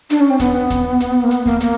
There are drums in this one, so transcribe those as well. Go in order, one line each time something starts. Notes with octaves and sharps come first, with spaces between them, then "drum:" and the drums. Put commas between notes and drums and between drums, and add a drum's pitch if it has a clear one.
D4, drum: hi-hat
C#4
C4
B3, drum: kick D#2, hi-hat
drum: kick D#2, hi-hat
drum: hi-hat
A#3
B3, drum: hi-hat
A#3, drum: kick D#2
A#3, drum: hi-hat